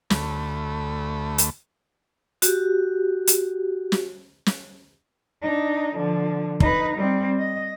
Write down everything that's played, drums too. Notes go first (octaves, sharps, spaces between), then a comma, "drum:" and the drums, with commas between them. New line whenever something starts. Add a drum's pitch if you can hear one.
D2 A3 B5, drum: snare
drum: hi-hat
F#4 G4, drum: hi-hat
drum: hi-hat
drum: snare
drum: snare
D4 D#4
D3 F3
D#4 B4, drum: kick
G3 C4
D#5